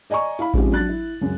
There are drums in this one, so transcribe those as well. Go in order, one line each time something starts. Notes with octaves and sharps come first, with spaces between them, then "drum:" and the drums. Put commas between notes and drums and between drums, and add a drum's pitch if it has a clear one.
D5 D#5 G#5 A#5 C#6
E4 F5 B5
F3 G#3 C4 C#4 D#4 G4, drum: kick A1
F#3 D4 F#6 A6
E4
C#2 F#2